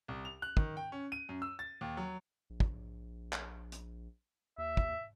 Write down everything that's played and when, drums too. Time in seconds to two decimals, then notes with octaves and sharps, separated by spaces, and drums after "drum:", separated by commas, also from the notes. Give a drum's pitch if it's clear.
0.08 C2
0.25 F7
0.42 F#6
0.57 D#3, drum: kick
0.77 G5
0.92 C#4
1.12 D#7
1.29 F#2
1.42 E6
1.59 A6
1.81 D#2
1.97 F#3
2.50 A#1
2.60 drum: kick
3.33 drum: clap
3.72 drum: hi-hat
4.58 D#2 E5
4.77 drum: kick